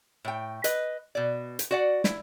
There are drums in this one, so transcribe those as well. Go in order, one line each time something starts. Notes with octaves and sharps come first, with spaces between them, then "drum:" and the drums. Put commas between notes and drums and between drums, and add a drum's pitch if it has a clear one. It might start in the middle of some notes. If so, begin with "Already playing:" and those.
A2 G5
B4 D#5, drum: hi-hat
B2 D5
drum: hi-hat
F#4 D5 F#5
E4, drum: snare